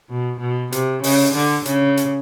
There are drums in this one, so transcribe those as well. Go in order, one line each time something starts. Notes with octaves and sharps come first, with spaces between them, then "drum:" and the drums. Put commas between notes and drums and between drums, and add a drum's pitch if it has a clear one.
B2
B2
C3, drum: hi-hat
C#3, drum: open hi-hat
D3
C#3, drum: hi-hat
drum: hi-hat